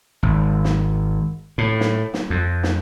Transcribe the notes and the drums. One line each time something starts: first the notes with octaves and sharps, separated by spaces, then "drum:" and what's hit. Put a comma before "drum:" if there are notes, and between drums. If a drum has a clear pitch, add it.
G#1
drum: snare
A2
drum: snare
drum: snare
F2
drum: snare